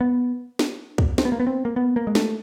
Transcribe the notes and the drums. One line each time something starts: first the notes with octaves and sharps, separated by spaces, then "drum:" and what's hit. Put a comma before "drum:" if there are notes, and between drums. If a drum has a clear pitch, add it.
B3
drum: snare
drum: kick
C4, drum: snare
B3
A#3
B3
C4
A#3
B3
A#3
G#3
A3, drum: snare